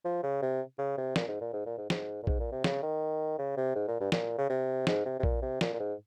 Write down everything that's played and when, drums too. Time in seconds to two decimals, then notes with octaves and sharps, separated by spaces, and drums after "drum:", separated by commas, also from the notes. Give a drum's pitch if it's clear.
0.05 F3
0.23 C#3
0.42 C3
0.78 C#3
0.98 C3
1.16 A#2, drum: snare
1.28 G#2
1.41 A#2
1.53 G#2
1.66 A#2
1.78 G#2
1.90 G#2, drum: snare
2.23 A#2
2.27 G#2, drum: kick A#1
2.39 A#2
2.52 C3
2.64 C#3, drum: snare
2.83 D#3
3.39 C#3
3.57 C3
3.75 G#2
3.88 A#2
4.00 G2
4.12 A#2, drum: snare
4.38 C#3
4.49 C3
4.87 G#2, drum: snare
5.05 C3
5.19 C3
5.23 A#2, drum: kick A#1
5.42 C3
5.61 A#2, drum: snare
5.74 A#2
5.79 G#2